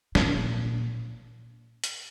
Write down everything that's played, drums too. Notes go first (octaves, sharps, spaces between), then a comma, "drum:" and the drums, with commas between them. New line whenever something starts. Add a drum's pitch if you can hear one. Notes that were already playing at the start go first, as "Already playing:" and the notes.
A#2, drum: snare
drum: hi-hat